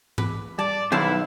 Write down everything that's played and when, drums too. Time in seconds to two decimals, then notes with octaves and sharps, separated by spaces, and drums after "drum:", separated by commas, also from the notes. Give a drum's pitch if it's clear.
0.18 B4 D6, drum: tom G#2
0.59 G3 D5 A5
0.92 B1 D#3 D#4 E4 C5 F5 A5